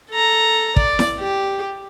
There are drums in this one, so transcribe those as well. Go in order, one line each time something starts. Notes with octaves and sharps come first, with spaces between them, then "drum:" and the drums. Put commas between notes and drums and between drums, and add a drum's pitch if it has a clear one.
A4 A#5
D5, drum: kick
drum: snare E4
G4